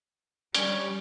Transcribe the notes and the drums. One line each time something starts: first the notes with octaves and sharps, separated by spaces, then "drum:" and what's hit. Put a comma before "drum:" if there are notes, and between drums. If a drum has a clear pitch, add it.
G3 C#4 C#5 D5, drum: hi-hat